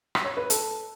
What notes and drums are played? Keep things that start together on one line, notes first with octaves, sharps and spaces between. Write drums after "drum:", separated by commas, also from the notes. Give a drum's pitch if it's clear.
drum: rim click
C#5
B4
A4, drum: hi-hat